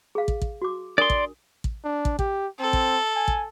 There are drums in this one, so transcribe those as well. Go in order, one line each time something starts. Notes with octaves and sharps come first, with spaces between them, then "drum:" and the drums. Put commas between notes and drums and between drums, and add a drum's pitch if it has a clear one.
G#4 F5
drum: kick
drum: kick
F#4 D6
D4 A#4 D5 C6 D#6
drum: kick
drum: kick
D4
drum: kick
G4, drum: kick
C4 A4
drum: kick
G#5
drum: kick